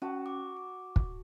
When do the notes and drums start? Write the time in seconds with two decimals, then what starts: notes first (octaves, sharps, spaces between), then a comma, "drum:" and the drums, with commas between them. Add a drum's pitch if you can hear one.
0.02 C#4 F#4 A5
0.26 D6
0.57 D6
0.96 drum: kick